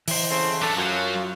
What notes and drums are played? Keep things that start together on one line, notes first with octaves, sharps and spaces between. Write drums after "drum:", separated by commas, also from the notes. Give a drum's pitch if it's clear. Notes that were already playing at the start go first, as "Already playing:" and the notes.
E3 C5, drum: open hi-hat
C#3 A3 C4
F#2 A3 D4 A4
F#2 F#3 F4